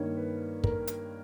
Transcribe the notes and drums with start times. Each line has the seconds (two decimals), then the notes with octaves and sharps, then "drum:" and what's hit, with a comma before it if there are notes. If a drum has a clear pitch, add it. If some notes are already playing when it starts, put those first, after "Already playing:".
Already playing: G2 D#3 A#3 C#5
0.16 B4
0.64 A#4, drum: kick
0.87 drum: hi-hat